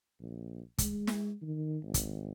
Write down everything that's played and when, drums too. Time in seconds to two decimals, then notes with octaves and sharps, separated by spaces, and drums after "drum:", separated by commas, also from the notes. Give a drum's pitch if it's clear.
0.20 A#1
0.78 G#3, drum: kick, hi-hat
1.07 drum: snare
1.42 D#3
1.83 G#1
1.94 drum: kick, hi-hat